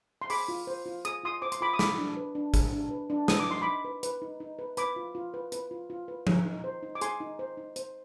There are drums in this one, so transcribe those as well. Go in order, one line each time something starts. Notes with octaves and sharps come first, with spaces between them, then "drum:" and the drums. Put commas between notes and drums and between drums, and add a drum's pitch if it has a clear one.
C6
G#4 B5 D6, drum: open hi-hat
F4
C5
F4
G#4 D#6, drum: hi-hat
F4 C6 D#6
C5 D6
C6, drum: hi-hat
F4 B5 D6
D#6
G#4 B5 D6, drum: snare
D4
B4
D4
G#4, drum: kick, hi-hat
D4
B4
D4
B4 D#6, drum: snare
D6
D#4 C6
D#4 B5 D6
B4
B4, drum: hi-hat
D#4
D#4
B4
B4 B5 D6, drum: hi-hat
F4
F4
B4
B4, drum: hi-hat
F4
F4
B4
G#4, drum: tom F3
D#4
C5
D#4
D6
G#4 G#5 C6, drum: hi-hat
D#4
C5
D#4
C5, drum: hi-hat